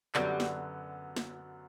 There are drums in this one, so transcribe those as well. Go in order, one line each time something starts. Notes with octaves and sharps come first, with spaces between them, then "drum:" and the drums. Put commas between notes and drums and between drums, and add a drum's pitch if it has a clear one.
F#2 D3 F#3 G3 B3 F#4, drum: clap
drum: snare
drum: snare